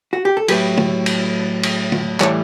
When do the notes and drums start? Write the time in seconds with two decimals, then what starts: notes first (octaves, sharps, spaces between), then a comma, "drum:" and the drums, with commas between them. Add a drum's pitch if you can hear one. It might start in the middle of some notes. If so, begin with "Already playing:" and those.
0.13 F#4
0.25 G4
0.37 A4
0.48 A2 F#3 G4 B4, drum: cymbal
0.77 drum: tom
1.06 drum: cymbal
1.63 drum: cymbal
1.92 drum: tom
2.20 A2 E3 G3 C#5, drum: clap